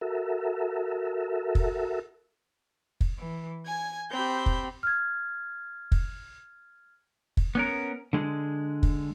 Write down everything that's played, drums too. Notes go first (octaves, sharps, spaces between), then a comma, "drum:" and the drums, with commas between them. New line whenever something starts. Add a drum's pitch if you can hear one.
F#4 A4 A#4 E5
drum: kick
drum: kick
E3
G#5 G#6
C4 G4 B5 G6
drum: kick
F6 G#6
drum: kick
drum: kick
B3 C#4 A#4
D3 G#3
drum: kick